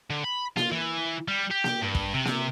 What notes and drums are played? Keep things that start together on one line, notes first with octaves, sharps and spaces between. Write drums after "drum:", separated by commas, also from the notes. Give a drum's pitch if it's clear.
D3
B5
F4, drum: snare A#3
E3
G3
G4
drum: snare A#3
G2
drum: kick
C3
drum: snare A#3